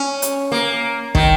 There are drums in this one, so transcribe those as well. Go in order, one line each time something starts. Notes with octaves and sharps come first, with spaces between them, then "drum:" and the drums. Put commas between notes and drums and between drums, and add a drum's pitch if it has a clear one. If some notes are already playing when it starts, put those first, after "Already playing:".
Already playing: C#4
drum: hi-hat
A#3
D#3, drum: kick